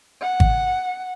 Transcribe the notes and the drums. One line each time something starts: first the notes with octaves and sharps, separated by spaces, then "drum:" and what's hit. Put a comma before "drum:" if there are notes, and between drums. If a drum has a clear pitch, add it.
F#5
drum: kick G#1